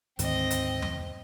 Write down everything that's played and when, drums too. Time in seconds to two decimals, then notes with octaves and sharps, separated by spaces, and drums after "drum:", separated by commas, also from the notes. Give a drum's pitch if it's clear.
0.19 D2 G#2 D#3 C4 D#5, drum: hi-hat
0.51 drum: hi-hat
0.82 drum: tom E2